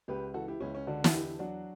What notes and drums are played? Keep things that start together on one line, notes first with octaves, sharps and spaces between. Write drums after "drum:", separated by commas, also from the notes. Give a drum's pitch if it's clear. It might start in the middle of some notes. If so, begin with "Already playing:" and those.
C#2 G4 B4
E3 F#4 A4
E4 G4
C#2 C#4 E4
C#4
D3 D4 F#4
F#4, drum: snare
E2 E4 G4
F#3 D4 F#4